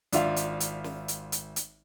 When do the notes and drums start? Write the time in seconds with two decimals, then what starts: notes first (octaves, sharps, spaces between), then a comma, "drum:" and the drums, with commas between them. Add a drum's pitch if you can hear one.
0.12 G#1 D4 F4 E5 F5, drum: hi-hat
0.36 drum: hi-hat
0.60 drum: hi-hat
0.84 drum: snare
1.08 drum: hi-hat
1.32 drum: hi-hat
1.56 drum: hi-hat